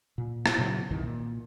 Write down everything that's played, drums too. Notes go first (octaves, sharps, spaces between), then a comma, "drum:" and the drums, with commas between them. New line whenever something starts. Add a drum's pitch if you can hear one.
A#2
drum: rim click
A#2 C#3 F#3 B3
C2 G2 D#3 E3
A#2